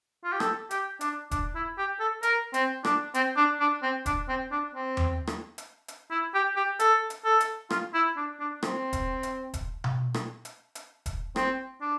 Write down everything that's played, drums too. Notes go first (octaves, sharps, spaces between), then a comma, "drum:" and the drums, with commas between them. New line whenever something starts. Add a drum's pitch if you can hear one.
F4
G4
A4, drum: rim click
G4, drum: hi-hat
D4, drum: hi-hat
D4, drum: kick D#1, hi-hat
E4
G4
A4
A#4, drum: hi-hat
C4, drum: hi-hat
D4, drum: rim click
C4, drum: hi-hat
D4
D4
C4
D4, drum: kick D#1, hi-hat
C4
D4
C4
drum: tom E2
drum: rim click
drum: hi-hat
drum: hi-hat
E4
G4
G4
A4, drum: hi-hat
drum: hi-hat
A4
drum: hi-hat
F4, drum: rim click
E4
D4
D4
C4, drum: rim click
drum: kick D#1, hi-hat
drum: hi-hat
drum: kick D#1, hi-hat
drum: tom B2
drum: rim click
drum: hi-hat
drum: hi-hat
drum: kick D#1, hi-hat
C4, drum: rim click
D4